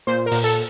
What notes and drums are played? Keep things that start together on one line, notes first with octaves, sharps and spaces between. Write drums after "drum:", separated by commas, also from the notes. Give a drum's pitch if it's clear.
A#2 C5
A#4
A#2, drum: open hi-hat
A4